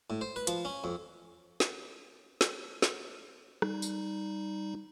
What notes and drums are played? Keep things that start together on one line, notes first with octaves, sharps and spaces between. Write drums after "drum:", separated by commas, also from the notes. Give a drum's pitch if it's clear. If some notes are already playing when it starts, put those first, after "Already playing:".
A2
C5
B4
F3, drum: hi-hat
C#4
F2
drum: snare
drum: snare
drum: snare
G3 D#4, drum: rim click
drum: tambourine